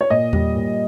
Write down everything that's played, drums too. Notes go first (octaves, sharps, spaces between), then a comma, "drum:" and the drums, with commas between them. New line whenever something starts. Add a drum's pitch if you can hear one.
C#5
A#2 D#5
G3, drum: tom E2
A#2